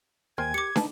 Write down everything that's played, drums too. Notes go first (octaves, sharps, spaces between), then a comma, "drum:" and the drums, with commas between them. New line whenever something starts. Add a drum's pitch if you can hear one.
D#2 A#4 C5 G5 G#5 G#6
G4 D6 C#7
D#4 B4 A5, drum: snare